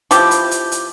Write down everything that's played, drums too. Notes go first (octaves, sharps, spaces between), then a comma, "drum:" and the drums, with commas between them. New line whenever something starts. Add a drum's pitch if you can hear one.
F3 E4 G4, drum: hi-hat
drum: hi-hat
drum: hi-hat
drum: hi-hat